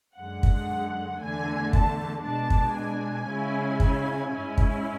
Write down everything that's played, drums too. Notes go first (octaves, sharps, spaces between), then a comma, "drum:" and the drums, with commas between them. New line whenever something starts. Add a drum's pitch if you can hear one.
F#2 D3 G#3 F#5
drum: kick
E2 D3 A3 G#5
A5, drum: kick
B2 G#3 D4 A5
drum: kick
G#5
C#3 G#3 C#4 E4
drum: kick
G#2 G#3 C#4 E4
drum: kick